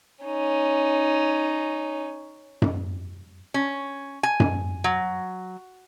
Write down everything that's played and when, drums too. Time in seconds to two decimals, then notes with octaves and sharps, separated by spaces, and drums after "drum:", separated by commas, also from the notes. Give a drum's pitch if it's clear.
0.24 C#4 D#4
2.62 drum: tom F#2
3.54 C#4
4.23 G#5
4.40 drum: tom F#2
4.84 F#3